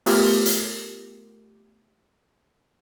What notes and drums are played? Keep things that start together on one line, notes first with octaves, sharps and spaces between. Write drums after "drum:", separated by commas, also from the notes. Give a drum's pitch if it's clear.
A3 B3 F4 G4 G#4 A#4, drum: open hi-hat
drum: hi-hat